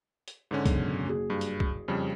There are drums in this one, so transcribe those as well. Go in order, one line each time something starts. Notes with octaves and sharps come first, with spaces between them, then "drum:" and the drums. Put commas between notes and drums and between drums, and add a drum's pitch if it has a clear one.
drum: hi-hat
G#2 D3 C#4
B1 F#2 C#3, drum: kick, hi-hat
F#1 F#4 G#4
G2
drum: hi-hat
drum: kick
F2 C#3 G3